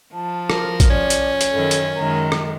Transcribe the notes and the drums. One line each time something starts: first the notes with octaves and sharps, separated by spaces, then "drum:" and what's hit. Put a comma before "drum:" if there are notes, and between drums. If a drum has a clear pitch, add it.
F3 A5
A#4, drum: rim click
drum: kick, hi-hat
C#4 D5
drum: hi-hat
drum: hi-hat
F#2 D#3 A4
drum: hi-hat
F#2 D#3 G#3 A#5
drum: rim click